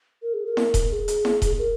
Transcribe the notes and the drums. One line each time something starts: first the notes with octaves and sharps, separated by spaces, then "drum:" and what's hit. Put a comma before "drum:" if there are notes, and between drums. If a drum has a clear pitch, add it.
A#4
G#4
A#4
drum: snare E4
drum: kick D#1, hi-hat
G#4
drum: hi-hat
drum: snare E4
drum: kick D#1, hi-hat
A#4